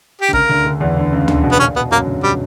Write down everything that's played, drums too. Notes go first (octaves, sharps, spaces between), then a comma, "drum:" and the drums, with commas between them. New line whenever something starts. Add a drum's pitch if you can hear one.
G4
D3
C#2 C#3 A#4, drum: kick A1
D2 D3
D2 D3
E2 E3
D2 D3
C#2 C#3
D2 D3, drum: tom D2
B2
B3
A#2 C#4
B2 B3
F#2 F#3 A#3
D2 D3
B2 G3